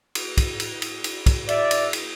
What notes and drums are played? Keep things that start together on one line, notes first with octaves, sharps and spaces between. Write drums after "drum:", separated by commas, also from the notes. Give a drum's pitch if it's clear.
drum: cymbal
drum: kick, cymbal
drum: cymbal
drum: cymbal
drum: cymbal
drum: kick, cymbal
D5 E5, drum: cymbal
drum: cymbal
drum: cymbal